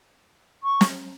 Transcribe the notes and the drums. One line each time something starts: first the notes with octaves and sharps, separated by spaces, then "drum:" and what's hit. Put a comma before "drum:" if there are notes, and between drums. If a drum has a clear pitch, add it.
C#6
drum: snare